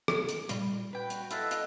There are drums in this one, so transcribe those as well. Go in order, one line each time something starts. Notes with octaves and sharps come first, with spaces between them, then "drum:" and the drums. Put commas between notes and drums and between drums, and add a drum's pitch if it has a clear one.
drum: rim click
drum: hi-hat
A#2 G3, drum: hi-hat
F#4 B4 G5
drum: hi-hat
E4 A4 D#5 F5 F#5 F#6, drum: hi-hat
drum: hi-hat